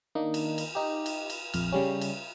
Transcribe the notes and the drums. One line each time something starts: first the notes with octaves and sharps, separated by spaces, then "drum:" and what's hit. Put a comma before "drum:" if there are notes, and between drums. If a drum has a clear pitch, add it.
D#3 A#3 D4 D#4
drum: cymbal
drum: cymbal
D#4 G4
drum: cymbal
drum: cymbal
A#1 F2 F6, drum: cymbal
C#3 G3 C#4
drum: cymbal